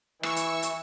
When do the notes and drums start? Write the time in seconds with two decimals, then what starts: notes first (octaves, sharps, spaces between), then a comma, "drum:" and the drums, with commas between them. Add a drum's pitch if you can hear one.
0.23 E3 C#6 E6, drum: rim click
0.36 drum: hi-hat
0.63 drum: hi-hat